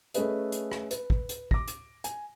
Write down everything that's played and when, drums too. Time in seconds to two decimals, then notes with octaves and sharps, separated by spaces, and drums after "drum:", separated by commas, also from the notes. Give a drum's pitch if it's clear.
0.14 A3 C#4 G#4 A4 B4 D#5, drum: hi-hat
0.52 drum: hi-hat
0.72 drum: rim click
0.91 B4, drum: hi-hat
1.10 drum: kick
1.29 drum: hi-hat
1.51 D6 A#6, drum: kick
1.68 drum: hi-hat
2.04 G#5, drum: hi-hat